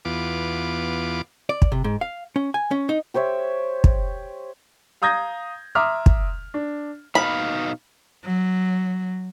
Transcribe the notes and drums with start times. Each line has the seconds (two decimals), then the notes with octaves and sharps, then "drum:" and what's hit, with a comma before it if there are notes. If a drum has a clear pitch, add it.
0.05 E2 B3 F4 D6
1.49 D5
1.62 drum: kick
1.72 C3
1.84 G#2
2.01 F5
2.36 C#4
2.54 G#5
2.71 C#4
2.89 D#4
3.14 G4 C5 C#5 E5
3.84 drum: kick
5.02 F5 A#5 D#6 G6 G#6 A#6
5.75 E5 A#5 C6 D6 D#6 F6
6.06 drum: kick
6.54 D4
7.15 B2 D#4 F5 B5
8.25 F#3